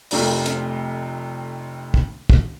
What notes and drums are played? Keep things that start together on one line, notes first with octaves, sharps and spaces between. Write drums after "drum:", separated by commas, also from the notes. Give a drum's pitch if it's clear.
F1 F2 C3 A3 D4 A#5, drum: open hi-hat
drum: hi-hat
drum: kick
drum: kick